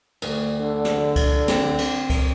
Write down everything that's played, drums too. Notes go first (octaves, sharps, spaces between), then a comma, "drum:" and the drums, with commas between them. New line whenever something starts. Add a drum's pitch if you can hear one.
D2, drum: cymbal
D3
drum: snare
drum: kick C#2, cymbal
C4, drum: snare
drum: cymbal
drum: kick C#2, cymbal